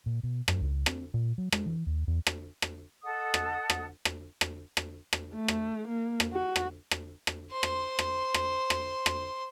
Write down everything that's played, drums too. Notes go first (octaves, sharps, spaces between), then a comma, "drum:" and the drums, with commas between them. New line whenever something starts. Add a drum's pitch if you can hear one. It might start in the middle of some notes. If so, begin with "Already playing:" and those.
A#2
B2
F#2, drum: rim click
C#2
C4, drum: rim click
A#2
F#3
G#3, drum: rim click
E3
D#2
E2
drum: rim click
drum: rim click
A4 D#5 F#5 D#6
drum: rim click
drum: rim click
drum: rim click
drum: rim click
drum: rim click
drum: rim click
A3
drum: rim click
A#3
drum: rim click
F#4
drum: rim click
drum: rim click
drum: rim click
C5 C6
drum: rim click
drum: rim click
drum: rim click
drum: rim click
drum: rim click